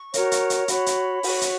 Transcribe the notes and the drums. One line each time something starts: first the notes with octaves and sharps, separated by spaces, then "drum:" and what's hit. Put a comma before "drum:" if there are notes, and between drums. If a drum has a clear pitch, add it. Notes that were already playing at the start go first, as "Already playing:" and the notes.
Already playing: C#6
F#4 A#4 C#5, drum: hi-hat
drum: hi-hat
drum: hi-hat
F#4 C#5 B5, drum: hi-hat
drum: hi-hat
F#4 C#5, drum: open hi-hat
drum: hi-hat